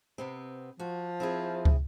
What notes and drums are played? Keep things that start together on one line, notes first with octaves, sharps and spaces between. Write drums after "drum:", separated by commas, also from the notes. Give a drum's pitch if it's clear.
C3 B3 C4
F3 F#4
C4 E4 G#4
drum: kick